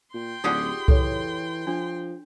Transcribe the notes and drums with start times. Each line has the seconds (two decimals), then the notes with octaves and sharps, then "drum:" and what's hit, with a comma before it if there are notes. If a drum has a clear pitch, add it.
0.14 A#2 G5 C6
0.44 D1 D#4 F4 G4 G#4 D5 F#5
0.88 E3 A4 C#5, drum: kick C2
1.67 F3 D4